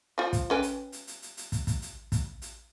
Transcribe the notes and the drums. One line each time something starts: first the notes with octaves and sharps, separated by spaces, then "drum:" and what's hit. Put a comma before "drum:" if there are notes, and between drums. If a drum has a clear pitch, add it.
F3 F4
drum: kick, hi-hat
C#4 B4 G5
drum: hi-hat
drum: hi-hat
drum: hi-hat
drum: hi-hat
drum: hi-hat
drum: kick, hi-hat
drum: kick, hi-hat
drum: hi-hat
drum: kick, hi-hat
drum: hi-hat